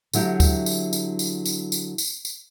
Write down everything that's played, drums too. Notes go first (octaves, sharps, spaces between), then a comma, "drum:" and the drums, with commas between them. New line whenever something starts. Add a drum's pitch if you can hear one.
D3 F#3 E4 G4, drum: tambourine
drum: kick, tambourine
drum: tambourine
drum: tambourine
drum: tambourine
drum: tambourine
drum: tambourine
drum: tambourine
drum: tambourine